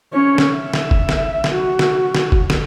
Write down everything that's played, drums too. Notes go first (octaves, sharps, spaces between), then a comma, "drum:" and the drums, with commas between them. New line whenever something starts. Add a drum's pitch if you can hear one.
C#4 C#5
drum: snare
E5
drum: snare
drum: kick
drum: snare
drum: snare
F#4
drum: snare
drum: snare
drum: kick
drum: snare